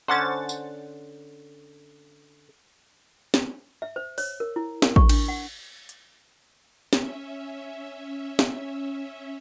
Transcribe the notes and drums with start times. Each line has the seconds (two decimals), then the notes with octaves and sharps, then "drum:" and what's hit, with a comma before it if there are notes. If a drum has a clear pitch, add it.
0.08 D3 C#4 C5 F#5 A6
0.49 drum: tambourine
3.34 drum: snare
3.82 E5
3.96 C5
4.18 C#5, drum: open hi-hat
4.40 A#4
4.56 E4
4.82 A#4, drum: snare
4.96 C#6, drum: kick A1
5.09 D4, drum: cymbal
5.28 F#5
5.89 drum: hi-hat
6.93 C#4 E5, drum: snare
8.39 drum: snare